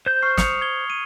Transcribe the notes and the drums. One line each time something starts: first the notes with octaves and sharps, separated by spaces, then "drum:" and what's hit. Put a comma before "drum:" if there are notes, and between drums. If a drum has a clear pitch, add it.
C5 G6
C#6 F6 C7
D#6 C#7 F7, drum: snare
G#6 G7
D#7